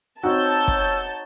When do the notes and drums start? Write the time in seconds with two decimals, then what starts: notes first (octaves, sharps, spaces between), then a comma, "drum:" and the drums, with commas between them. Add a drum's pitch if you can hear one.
0.23 C4 D#4 F#4 C#5 A5 E6 G6
0.68 drum: kick